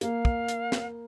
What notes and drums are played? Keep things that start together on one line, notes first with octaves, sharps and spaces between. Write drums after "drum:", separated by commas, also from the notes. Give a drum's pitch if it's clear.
A#3 F5, drum: hi-hat
drum: kick
drum: hi-hat
drum: snare